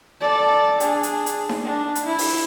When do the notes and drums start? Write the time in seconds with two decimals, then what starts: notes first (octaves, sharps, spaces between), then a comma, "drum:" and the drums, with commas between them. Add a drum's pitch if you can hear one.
0.21 A4 D5
0.80 D4 G#4, drum: hi-hat
1.03 drum: hi-hat
1.26 drum: hi-hat
1.49 drum: snare D#4
1.64 D4
1.95 drum: hi-hat
2.05 E4
2.18 drum: open hi-hat